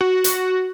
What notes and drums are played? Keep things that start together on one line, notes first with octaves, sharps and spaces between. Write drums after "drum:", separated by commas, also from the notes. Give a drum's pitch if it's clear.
F#4
drum: hi-hat